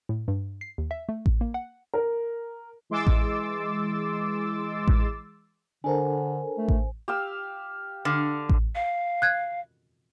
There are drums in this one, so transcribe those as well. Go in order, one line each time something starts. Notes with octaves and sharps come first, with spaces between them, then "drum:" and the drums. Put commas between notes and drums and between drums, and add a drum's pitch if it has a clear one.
A2
G2
C7
D#2
E5
A3
drum: kick A1
A#3
F#5
A#4
E3 G#3 C6 D6 E6 A6
drum: kick A1
drum: kick A1
D3 D4 A4 A#4 C5 G#5
A3
drum: kick A1
G4 F5 E6
D3 F5
drum: kick A1
F5
F#6 G#6